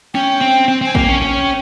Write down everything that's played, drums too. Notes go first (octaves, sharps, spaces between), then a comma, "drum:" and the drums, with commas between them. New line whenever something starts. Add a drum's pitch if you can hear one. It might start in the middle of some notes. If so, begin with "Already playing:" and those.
C#4 G5
C4
C4
C4 G#5
A#3 G5, drum: kick
C#4
C#4